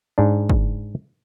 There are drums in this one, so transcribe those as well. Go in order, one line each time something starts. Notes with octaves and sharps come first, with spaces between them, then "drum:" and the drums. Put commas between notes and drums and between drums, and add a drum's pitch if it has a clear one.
G#2 D4
drum: kick